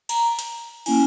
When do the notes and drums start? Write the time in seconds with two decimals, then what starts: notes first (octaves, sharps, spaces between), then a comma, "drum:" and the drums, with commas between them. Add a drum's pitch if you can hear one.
0.09 A#5, drum: cymbal
0.39 drum: hi-hat
0.86 A#3 C#4 E4 G#5, drum: cymbal